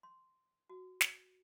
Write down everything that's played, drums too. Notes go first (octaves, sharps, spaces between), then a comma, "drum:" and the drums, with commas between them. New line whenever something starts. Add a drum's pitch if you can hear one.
C6
F#4
drum: snare